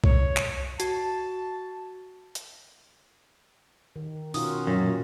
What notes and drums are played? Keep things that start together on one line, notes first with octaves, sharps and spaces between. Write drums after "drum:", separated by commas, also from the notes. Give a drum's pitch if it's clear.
C#5, drum: kick C2
drum: clap
F#4 A5, drum: hi-hat
drum: hi-hat
D#3
B2 C#4 D#4 F4 F#4 A#4 D#6, drum: open hi-hat
F#2 A#2